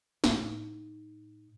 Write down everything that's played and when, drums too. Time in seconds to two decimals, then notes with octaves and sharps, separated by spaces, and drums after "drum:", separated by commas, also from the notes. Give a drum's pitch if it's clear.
0.24 A2 D#4, drum: snare